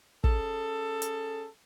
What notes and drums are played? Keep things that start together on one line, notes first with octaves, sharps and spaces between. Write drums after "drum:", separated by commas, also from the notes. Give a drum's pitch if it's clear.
C#4 G#4 A4, drum: kick
drum: hi-hat